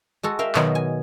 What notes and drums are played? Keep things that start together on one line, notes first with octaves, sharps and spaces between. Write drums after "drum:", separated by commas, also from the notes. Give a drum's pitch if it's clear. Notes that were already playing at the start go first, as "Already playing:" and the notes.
G#3 F#4 A4
A#4 E5 F5 G5
B2 D#3 F#3, drum: clap
G#5